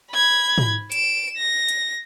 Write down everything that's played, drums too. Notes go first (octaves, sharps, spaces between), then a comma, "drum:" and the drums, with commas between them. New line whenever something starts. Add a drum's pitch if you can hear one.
B5 G#6
drum: tom
D7 E7, drum: hi-hat
A#6
drum: hi-hat